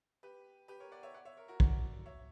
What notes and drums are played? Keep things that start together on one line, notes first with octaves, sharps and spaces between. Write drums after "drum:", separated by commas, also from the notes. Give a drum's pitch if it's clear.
G4 B4
G4 B4
A#4 C#5
D5 F#5
C#5 E5
D5 F#5
C#5 E5
A#4 C#5
F#4 A#4
D5 F#5, drum: kick
C#5 E5